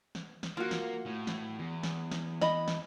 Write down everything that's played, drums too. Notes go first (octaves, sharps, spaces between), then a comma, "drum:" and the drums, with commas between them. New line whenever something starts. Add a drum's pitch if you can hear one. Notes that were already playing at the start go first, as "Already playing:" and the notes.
drum: snare
drum: snare
A#3 F4 F#4
drum: snare
A2
drum: snare
E2
drum: snare
drum: snare
D#5 B5, drum: snare
drum: snare